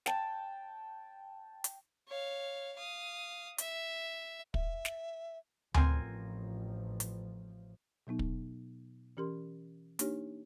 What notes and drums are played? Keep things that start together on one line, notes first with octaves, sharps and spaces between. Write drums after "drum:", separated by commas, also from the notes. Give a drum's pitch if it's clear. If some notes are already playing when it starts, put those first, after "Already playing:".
G5 A5, drum: snare
drum: hi-hat
C#5 F5
F5 D#6
E5, drum: hi-hat
E5, drum: kick
drum: snare
A1 F3 C4 A#4 G#5, drum: tom D2
drum: hi-hat
B2 F#3 B3 D#4
drum: kick
E3 C#4 G4 A#4 C6
A#3 D4 D#4 G4 C#5, drum: hi-hat